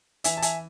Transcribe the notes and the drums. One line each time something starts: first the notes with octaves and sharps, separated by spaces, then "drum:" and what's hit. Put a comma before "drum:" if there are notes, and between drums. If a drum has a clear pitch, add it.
E3 E5 G#5, drum: hi-hat
A5
E5 G#5, drum: hi-hat